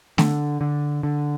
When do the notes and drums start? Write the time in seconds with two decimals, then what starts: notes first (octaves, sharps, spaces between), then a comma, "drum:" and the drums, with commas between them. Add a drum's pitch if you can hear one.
0.18 D3, drum: snare A3
0.61 D3
1.03 D3